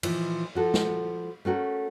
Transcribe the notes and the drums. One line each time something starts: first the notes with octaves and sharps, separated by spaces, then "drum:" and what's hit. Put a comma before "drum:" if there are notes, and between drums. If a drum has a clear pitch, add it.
A#2 E3 F3, drum: cymbal
F3 F#4 A4
drum: snare
A3 C#4 F#4 A#4